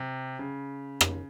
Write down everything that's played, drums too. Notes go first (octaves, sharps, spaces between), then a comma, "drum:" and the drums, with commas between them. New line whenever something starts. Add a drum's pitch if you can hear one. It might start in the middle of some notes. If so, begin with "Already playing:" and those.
Already playing: C3
C#3
drum: rim click